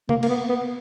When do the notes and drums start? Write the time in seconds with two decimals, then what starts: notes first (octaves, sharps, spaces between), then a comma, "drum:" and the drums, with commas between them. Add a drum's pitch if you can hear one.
0.09 A#3, drum: tom C3
0.23 A#3, drum: cymbal
0.29 B3
0.49 B3